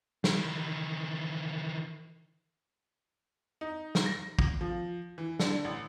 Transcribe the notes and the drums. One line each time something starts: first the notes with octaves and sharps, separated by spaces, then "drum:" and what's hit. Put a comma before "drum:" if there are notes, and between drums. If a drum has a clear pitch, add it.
D#3 E3, drum: snare
D#4
drum: snare
A#6
drum: kick
F3
E3
D3, drum: snare
A1